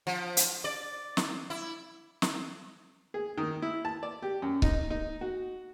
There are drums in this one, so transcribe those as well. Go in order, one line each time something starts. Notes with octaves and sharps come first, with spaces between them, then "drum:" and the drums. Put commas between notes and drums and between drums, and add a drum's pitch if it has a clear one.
F3
drum: hi-hat
D5
drum: snare
E4
drum: snare
G#4
D#3
E4
A5
D5
G4
F#2
D#4, drum: kick C#1
D#4
F#4